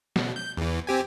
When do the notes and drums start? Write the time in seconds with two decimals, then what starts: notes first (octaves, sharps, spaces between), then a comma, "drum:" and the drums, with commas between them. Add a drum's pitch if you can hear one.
0.16 B2, drum: snare
0.36 G6
0.57 E2 E3
0.87 C4 G4 G#5